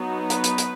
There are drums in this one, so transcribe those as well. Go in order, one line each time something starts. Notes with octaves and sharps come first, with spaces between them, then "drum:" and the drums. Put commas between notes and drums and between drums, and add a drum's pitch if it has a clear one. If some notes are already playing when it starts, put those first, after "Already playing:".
Already playing: F#3 B3 D#4
B4, drum: hi-hat
drum: hi-hat
drum: hi-hat